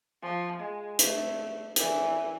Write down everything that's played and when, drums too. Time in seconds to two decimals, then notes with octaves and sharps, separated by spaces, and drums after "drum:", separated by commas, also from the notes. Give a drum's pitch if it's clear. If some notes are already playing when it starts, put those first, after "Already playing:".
0.22 F3
0.60 G#3
0.99 A3, drum: hi-hat
1.76 E3, drum: hi-hat